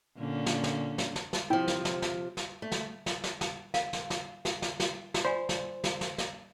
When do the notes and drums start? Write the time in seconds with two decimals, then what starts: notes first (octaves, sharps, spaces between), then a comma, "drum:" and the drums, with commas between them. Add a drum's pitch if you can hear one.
0.18 A#2 D3 C#4
0.46 drum: snare
0.64 drum: snare
0.98 drum: snare
1.16 drum: snare
1.33 drum: snare
1.50 C3 F3 E4 G5
1.68 drum: snare
1.85 drum: snare
2.02 drum: snare
2.37 drum: snare
2.62 A3
2.72 drum: snare
3.06 drum: snare
3.24 drum: snare
3.41 drum: snare
3.74 F5, drum: snare
3.93 drum: snare
4.10 drum: snare
4.45 drum: snare
4.62 drum: snare
4.80 drum: snare
5.14 drum: snare
5.25 F4 C5 D5 G#5
5.49 drum: snare
5.84 drum: snare
6.01 drum: snare
6.18 drum: snare